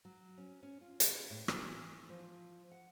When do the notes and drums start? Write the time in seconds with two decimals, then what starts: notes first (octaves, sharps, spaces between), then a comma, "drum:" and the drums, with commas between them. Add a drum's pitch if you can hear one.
0.05 F#3
0.38 C#4
0.63 C#4
0.81 F4
1.00 B4, drum: hi-hat
1.30 A2
1.48 E3, drum: rim click
2.09 F3
2.72 F#5